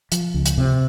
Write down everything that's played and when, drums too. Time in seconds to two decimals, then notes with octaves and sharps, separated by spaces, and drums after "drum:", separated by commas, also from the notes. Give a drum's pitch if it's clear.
0.12 F3, drum: hi-hat
0.34 C#2
0.46 drum: hi-hat
0.58 C3